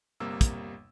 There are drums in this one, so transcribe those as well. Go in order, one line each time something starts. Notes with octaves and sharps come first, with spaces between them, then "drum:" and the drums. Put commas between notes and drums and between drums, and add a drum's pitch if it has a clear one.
G1 C3 G3 A#3 E6
drum: kick, hi-hat